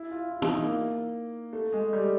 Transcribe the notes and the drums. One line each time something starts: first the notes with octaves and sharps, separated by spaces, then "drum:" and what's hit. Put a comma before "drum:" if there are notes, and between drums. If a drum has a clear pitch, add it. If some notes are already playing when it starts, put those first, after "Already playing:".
Already playing: E4
F4
E4
D#4, drum: tom
A#3
A3
G#3
G3